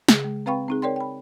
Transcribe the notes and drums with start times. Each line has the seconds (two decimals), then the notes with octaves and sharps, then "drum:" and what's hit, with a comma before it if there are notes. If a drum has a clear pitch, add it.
0.08 C#3 G#4, drum: snare
0.24 G#3
0.46 C4 B4 F5 G5 B5 C#6
0.68 C4 D#4 G#4
0.82 A#4 C#5 D5 G5 C6
0.96 G5 B5